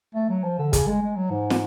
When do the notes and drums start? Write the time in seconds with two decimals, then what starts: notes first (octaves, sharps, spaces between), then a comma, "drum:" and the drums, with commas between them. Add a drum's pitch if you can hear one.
0.15 A3
0.29 F#3
0.44 F3
0.58 D3
0.73 C#3, drum: kick, hi-hat
0.88 G#3
1.02 G#3
1.16 F#3
1.30 G#2
1.50 drum: snare